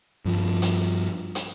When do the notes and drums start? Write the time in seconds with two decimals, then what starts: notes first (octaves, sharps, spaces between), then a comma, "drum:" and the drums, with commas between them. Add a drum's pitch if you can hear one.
0.25 G2 F3
0.62 drum: hi-hat
1.35 drum: hi-hat